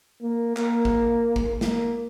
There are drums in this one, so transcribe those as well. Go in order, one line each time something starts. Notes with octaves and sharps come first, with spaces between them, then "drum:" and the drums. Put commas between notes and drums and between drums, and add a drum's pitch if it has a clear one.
A#3
A#3, drum: clap
drum: kick A1
drum: kick A1
A#3, drum: snare